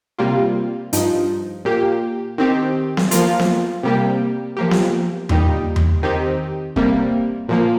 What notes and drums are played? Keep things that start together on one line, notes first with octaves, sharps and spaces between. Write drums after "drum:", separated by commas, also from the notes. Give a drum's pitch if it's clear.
C3 G3 A#3 F4
G2 F3 D#4, drum: hi-hat
A#2 A#3 G4
D#3 C4 G4
drum: snare B3
F3 A#3 F4, drum: hi-hat
drum: snare B3
C3 G3 A#3 G4
F3 A#3 G4
drum: snare B3
A#2 G3 D#4 G4, drum: tom E2
drum: tom E2
D#3 C4 D#4 G4
C3 G3 A#3, drum: kick
A#2 F3 A#3